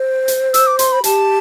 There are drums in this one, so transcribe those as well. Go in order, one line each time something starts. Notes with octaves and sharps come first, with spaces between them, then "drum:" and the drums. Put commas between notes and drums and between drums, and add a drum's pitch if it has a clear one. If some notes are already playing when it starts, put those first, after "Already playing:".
Already playing: C5
drum: hi-hat
E6, drum: hi-hat
D6
C6, drum: hi-hat
B5
G4 A5, drum: hi-hat